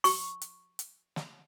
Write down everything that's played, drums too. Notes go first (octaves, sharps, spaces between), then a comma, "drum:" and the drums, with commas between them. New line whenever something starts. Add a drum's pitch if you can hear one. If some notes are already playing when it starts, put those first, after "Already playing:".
C#6, drum: open hi-hat
drum: hi-hat
drum: hi-hat
drum: snare